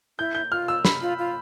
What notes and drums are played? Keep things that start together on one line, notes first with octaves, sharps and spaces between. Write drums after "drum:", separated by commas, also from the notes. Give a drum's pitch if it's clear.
E4 G6
G6
F4 F6
E6
B5, drum: snare
F4
F4